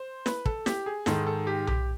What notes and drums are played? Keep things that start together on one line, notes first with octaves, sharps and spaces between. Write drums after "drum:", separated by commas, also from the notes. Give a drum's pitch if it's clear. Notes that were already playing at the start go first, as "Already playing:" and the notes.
Already playing: C5
B4, drum: snare
A4, drum: kick
G4, drum: snare
G#4
G#2 D#3 G#3 A4, drum: snare
A4
G4
G4, drum: tom B1